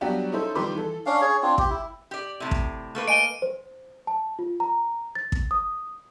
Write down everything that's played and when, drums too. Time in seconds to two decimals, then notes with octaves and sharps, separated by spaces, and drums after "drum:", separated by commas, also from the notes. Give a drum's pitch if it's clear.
0.01 F#3 G3 B3 D4 F#4 G4
0.32 C#4 D#4 E4 A4 C5
0.55 D#3 F3 G3 B4 C6 D6
0.74 E3 A4
1.06 C#4 D4 F5
1.21 G#4 C#5
1.43 C4 D4 F4
1.58 G4, drum: kick
1.70 E4
2.11 G4 D5
2.40 A2 C3
2.51 drum: kick
2.95 A3 A#3 B4
3.08 D#5 G#5 D7 D#7 G7
3.42 C5
4.07 A5
4.39 F4
4.60 A#5
5.15 A6
5.32 drum: kick
5.51 D#6